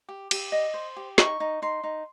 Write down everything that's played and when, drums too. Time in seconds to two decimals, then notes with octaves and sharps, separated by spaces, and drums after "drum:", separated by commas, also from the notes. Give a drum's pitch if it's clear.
0.09 G4
0.31 G4, drum: cymbal
0.52 D#5
0.74 C5
0.96 G4
1.18 D#4 C#6, drum: snare
1.40 D#4
1.62 D#4 C6
1.83 D#4